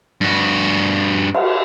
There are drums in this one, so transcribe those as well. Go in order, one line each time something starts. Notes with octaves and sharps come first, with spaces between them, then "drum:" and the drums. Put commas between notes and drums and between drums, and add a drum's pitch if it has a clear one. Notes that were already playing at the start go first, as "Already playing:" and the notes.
G2 F#4
drum: cymbal